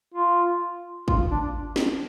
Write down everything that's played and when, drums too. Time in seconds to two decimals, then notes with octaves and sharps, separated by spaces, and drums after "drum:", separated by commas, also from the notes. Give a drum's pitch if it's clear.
0.14 F4
1.08 F4, drum: kick
1.31 D4
1.76 drum: snare